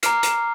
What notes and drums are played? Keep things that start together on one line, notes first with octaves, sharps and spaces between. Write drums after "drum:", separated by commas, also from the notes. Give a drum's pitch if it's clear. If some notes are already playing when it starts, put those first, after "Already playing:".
A#5 D6 F6 C7, drum: hi-hat
drum: hi-hat